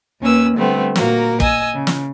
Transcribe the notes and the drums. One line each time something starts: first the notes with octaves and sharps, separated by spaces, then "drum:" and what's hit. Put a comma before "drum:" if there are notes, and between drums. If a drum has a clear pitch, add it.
D#2 A#3 C#4 B4 E6
D3 G3 A3 B3 C4
A#2 A#3 F#4 A#4, drum: snare
D#5 G#5 E6, drum: kick
C#3
drum: snare